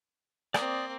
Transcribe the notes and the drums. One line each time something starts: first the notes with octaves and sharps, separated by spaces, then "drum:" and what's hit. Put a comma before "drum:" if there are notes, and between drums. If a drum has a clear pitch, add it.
A#3 C4 D5 D#6, drum: rim click